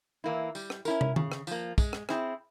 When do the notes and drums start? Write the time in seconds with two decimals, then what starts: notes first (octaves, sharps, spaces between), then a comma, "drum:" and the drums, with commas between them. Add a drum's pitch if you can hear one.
0.24 E3 A#3 E4
0.55 G3, drum: tambourine
0.70 drum: rim click
0.85 C#4 E4 A#4, drum: tambourine
1.01 drum: tom
1.16 C#3, drum: tom D#3
1.32 drum: rim click
1.47 F3 A#3, drum: tambourine
1.78 G#3, drum: kick, tambourine
1.93 drum: rim click
2.09 C4 E4 G#4, drum: rim click